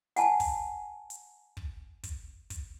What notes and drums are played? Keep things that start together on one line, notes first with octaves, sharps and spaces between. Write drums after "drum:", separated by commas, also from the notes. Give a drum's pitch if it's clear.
F#5 G#5 A5, drum: hi-hat
drum: kick, open hi-hat
drum: hi-hat
drum: kick
drum: kick, hi-hat
drum: kick, hi-hat